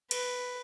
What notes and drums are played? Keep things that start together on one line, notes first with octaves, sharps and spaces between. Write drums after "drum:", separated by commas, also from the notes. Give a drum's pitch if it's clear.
B4, drum: cymbal